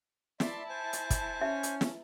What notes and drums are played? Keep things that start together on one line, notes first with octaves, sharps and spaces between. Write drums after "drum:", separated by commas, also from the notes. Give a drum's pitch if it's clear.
E4 D5 E5 A5 C6, drum: snare
C5 G#5
drum: hi-hat
drum: kick, hi-hat
C#4 E5
drum: hi-hat
drum: snare